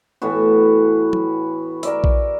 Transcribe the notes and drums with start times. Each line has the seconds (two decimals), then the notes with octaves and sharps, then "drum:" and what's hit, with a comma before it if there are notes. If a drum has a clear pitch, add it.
0.22 A2 E3 B3 F#4
1.13 drum: tom
1.83 A#4 D5 E5, drum: hi-hat
2.04 drum: kick A#1